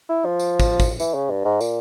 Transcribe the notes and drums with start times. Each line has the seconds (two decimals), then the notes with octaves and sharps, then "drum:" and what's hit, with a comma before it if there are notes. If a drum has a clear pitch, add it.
0.09 E4
0.25 F3
0.39 drum: tambourine
0.60 drum: kick, tambourine
0.80 drum: kick, tambourine
1.00 E3, drum: tambourine
1.15 C#3
1.30 G2
1.45 G#2
1.61 A#2, drum: tambourine